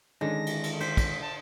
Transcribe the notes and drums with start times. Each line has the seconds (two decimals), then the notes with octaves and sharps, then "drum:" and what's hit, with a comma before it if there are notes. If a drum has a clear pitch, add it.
0.21 D3 D#3 G#3 C#4 D#4 A#6
0.46 drum: cymbal
0.63 drum: cymbal
0.80 C5 B6, drum: cymbal
0.97 drum: kick, cymbal
1.22 A5